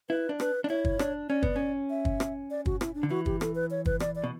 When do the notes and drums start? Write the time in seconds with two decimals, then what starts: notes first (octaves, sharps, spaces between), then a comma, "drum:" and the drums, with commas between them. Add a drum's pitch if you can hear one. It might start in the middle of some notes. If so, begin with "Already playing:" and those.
0.09 E4 B4
0.29 D4
0.40 B4, drum: rim click
0.64 D4
0.69 E4 C#5
0.85 drum: kick
0.99 D4, drum: rim click
1.30 C#4 D5
1.43 B3, drum: kick
1.56 C#4
1.90 E5
2.05 drum: kick
2.20 drum: rim click
2.50 D5
2.66 F#4, drum: kick
2.81 E4, drum: rim click
2.95 D4
3.03 D3
3.10 E3 F#4
3.26 G4, drum: kick
3.41 A4, drum: rim click
3.55 B4
3.71 C#5
3.86 B4, drum: kick
4.00 D5, drum: rim click
4.16 D5
4.24 B2